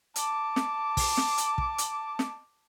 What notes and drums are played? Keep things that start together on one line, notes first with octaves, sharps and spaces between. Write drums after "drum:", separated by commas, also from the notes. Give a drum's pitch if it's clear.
A5 D6, drum: hi-hat
drum: snare
drum: kick, open hi-hat
drum: snare
drum: hi-hat
drum: kick
drum: hi-hat
drum: snare